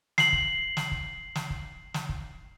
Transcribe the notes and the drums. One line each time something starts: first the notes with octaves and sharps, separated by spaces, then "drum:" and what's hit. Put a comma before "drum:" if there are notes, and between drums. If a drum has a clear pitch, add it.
C7 F#7, drum: snare
drum: kick
drum: snare
drum: kick
drum: snare
drum: kick
drum: snare
drum: kick